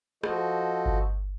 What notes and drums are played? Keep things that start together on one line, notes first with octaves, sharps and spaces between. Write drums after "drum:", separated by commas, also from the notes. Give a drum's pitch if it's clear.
F3 F#4 A4 C5 D#5, drum: rim click
drum: kick G1